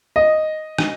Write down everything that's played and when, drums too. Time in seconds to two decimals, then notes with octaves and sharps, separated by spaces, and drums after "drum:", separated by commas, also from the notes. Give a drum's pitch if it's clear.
0.16 D#5
0.78 drum: rim click